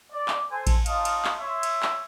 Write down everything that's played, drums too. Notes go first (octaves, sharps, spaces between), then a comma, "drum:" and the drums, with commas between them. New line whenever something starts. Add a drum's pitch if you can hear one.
D5
drum: clap
A4 C5 G#5
drum: kick A1, cymbal
D#4 F4 C#5 D#5 F5 A5, drum: cymbal
drum: cymbal
drum: clap
C#5 E5 C6
drum: cymbal
drum: clap